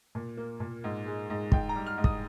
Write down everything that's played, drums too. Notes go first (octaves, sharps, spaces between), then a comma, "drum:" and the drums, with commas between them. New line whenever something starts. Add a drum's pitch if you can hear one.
A#2
A#3
A#2
G#2
G#3
G#2
G#2 G5, drum: kick
A#5
G3
F6
G#2
D#6, drum: kick